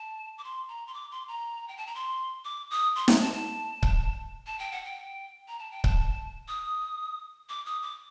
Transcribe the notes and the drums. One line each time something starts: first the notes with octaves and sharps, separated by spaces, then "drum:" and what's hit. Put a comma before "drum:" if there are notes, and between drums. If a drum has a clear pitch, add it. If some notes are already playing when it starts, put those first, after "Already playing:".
Already playing: A5
D6
C6
A#5
C6
D6
C6
A#5
G5
A5
A#5
C6
D6
D#6
C6
A#5, drum: snare
A5
A5
drum: kick C#1
A5
G5
F#5
G5
A#5
A5
G5
A5, drum: kick C#1
D#6
D6
D#6
D6